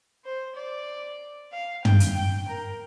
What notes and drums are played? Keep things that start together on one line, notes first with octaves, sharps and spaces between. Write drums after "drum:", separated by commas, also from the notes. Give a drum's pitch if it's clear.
C5
D5
F5
G5, drum: tom
drum: hi-hat
G5
A#4